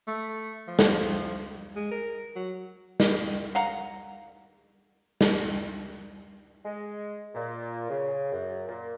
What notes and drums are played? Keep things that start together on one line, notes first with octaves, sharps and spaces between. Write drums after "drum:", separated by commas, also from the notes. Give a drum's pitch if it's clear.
A3
F3
drum: snare
G#3
A#4
F#3
drum: snare
F5 F#5 A#5
drum: snare
G#3
A#2
C#3
F#2
A#2